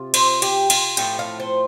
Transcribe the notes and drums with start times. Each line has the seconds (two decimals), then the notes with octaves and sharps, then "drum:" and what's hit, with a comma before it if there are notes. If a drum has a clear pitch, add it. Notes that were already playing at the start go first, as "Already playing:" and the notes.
Already playing: C3 F4
0.14 C5, drum: cymbal
0.42 G4, drum: cymbal
0.70 F4, drum: cymbal
0.97 A2 F3 A3 C4 G4, drum: cymbal
1.19 F5
1.40 C5